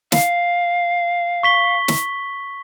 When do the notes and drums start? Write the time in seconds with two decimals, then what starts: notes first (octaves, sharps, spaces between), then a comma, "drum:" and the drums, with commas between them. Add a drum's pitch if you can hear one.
0.12 F5, drum: snare
1.43 C#6 B6 G7
1.88 drum: snare